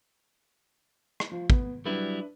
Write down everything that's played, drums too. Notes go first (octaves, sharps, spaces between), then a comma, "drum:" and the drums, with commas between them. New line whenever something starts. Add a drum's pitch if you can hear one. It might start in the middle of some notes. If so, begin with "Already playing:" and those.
drum: rim click
F3
B3, drum: kick
F#3 G3 D4 E4 B4